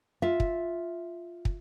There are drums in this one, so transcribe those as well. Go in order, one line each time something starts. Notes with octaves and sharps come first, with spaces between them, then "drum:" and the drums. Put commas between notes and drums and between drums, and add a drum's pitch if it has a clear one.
F4 E5
drum: kick
drum: kick